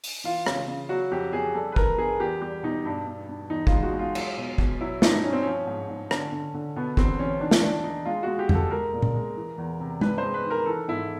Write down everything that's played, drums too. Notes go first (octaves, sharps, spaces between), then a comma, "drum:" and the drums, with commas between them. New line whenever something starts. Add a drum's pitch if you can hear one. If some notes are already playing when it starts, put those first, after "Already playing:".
drum: open hi-hat
E3 F4
C#3, drum: rim click
C#3
F#3 F#4
F2 G4
F2 G#4
G3 A4
B4
E3 A#4, drum: kick
G2 G#4
E2 G4
G3 G4
B2 D#4
G2
G2
G2
E2 D#4
F4, drum: kick
G#3
F#4
G#3
F4
F#3, drum: cymbal
B2
B2, drum: kick
F#3 E4
G2 D#4, drum: snare
G2 C#4
C4
F3 C#4
G#2
G#2
D3, drum: rim click
D3
D3
B2 B3
E2 C4, drum: kick
E2 C#4
D#3 D4
drum: snare
D#3 D4
D#3 D#4
G#3 F4
G#3 F#4
G4
B2, drum: tom F2
A4
G#3 A#4
A#2
drum: tom A#2
G#3
E3
E2
C3
G2 B4, drum: tom G#3
G#3 C5
B4
D#3
A#4
E3 A4
G#2 E4